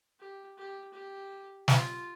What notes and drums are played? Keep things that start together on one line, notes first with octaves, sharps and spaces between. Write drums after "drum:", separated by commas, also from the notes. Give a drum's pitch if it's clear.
G4
G4
G4
F4, drum: snare